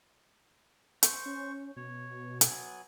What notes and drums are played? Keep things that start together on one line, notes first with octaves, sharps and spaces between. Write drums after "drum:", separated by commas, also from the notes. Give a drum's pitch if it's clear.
C5 C#6, drum: hi-hat
C#4
B2 C#5
F#3 B3 G#5, drum: hi-hat